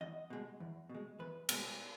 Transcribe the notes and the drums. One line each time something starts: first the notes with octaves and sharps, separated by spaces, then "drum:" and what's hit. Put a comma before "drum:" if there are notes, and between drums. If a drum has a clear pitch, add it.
E2 D#5
B2 G#3
E2
B2 G#3
E2 B4
B2 G#3, drum: cymbal